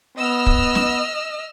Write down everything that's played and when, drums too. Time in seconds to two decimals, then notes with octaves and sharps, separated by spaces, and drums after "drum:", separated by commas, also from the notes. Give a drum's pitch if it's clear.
0.18 B3 D#5 E6 F6
0.46 drum: kick
0.75 drum: snare